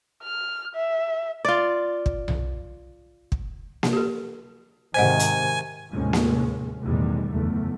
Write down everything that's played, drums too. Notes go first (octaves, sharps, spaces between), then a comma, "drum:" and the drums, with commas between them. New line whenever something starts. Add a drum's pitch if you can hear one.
F6
E5
F4 D5
drum: kick
drum: tom B1
drum: kick
drum: snare A#3
G4 A4
G#2 C3 D#3 C5 D#5 F#5 G#5
drum: hi-hat
D#2 A2 C3 F3 G#3 C#4
drum: snare A#3
B1 E2 A2 D#3 G3 G#3
F#1 E2 A3